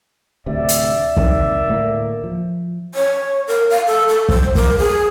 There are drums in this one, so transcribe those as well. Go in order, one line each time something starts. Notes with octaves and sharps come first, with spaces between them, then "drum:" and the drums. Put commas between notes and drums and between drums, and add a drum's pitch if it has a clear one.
D1 D2 C3 D5 E5
drum: hi-hat
C2 C3 D#3, drum: kick
D2 A2 A#3
F3
C#5
A#4
F5
A4
A4
C5, drum: kick
A#4, drum: kick
G#4